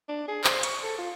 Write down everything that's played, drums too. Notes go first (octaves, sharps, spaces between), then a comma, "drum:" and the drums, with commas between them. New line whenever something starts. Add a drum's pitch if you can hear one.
D4
G#4
C5, drum: clap
C#6, drum: hi-hat
A4
F4